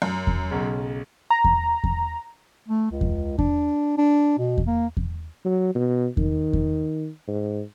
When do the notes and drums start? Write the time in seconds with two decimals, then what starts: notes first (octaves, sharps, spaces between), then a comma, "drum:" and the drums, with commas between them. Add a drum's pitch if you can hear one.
0.02 F#2
0.27 drum: kick E2
0.51 B1 C#3
1.30 A#5
1.44 drum: kick E2
1.84 drum: kick E2
2.69 A3
2.91 C#2
3.01 drum: kick E2
3.39 D4, drum: kick E2
3.98 D4
4.39 B2
4.58 drum: kick E2
4.67 A#3
4.97 drum: kick E2
5.45 F#3
5.75 B2
6.17 D#3, drum: kick E2
6.53 drum: kick E2
7.27 G#2